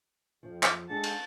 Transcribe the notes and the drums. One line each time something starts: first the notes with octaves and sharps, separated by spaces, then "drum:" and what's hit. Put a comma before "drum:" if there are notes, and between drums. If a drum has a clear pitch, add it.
F2 F3
drum: clap
G#3 D4 G#4 A4 F#5 A5
drum: cymbal